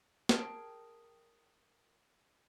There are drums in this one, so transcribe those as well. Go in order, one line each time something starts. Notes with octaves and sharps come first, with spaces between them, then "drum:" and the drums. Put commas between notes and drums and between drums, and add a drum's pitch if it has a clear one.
G#4 A#4 G5 A5, drum: snare